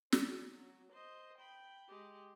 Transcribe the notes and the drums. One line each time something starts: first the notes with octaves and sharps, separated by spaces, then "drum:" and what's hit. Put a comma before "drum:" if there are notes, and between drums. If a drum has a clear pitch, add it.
C#4, drum: snare
F#3
C5 D#5
G5 B5
G#3 G4